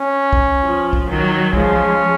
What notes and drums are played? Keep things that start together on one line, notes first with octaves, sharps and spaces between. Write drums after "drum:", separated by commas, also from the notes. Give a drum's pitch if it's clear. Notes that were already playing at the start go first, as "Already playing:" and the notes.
Already playing: C#4
drum: kick
F3
drum: kick
D#3 F#3
F3 G#3 C#4, drum: kick